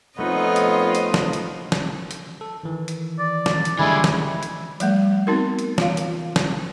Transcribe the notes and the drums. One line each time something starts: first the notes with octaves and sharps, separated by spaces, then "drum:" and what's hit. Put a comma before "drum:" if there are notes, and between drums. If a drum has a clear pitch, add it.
F2 A3 B3 D#4 F4 C#5 D#5
drum: hi-hat
drum: hi-hat
drum: snare
drum: hi-hat
drum: snare
drum: hi-hat
A4
D#3 E3
drum: hi-hat
D5
drum: snare
drum: hi-hat
D3 G3 G#3 E4 G#5
drum: snare
drum: hi-hat
F3 G3 A3, drum: hi-hat
B3 C4 D#4 F#4 A#4
drum: hi-hat
E3 F4 F5, drum: snare
drum: hi-hat
drum: snare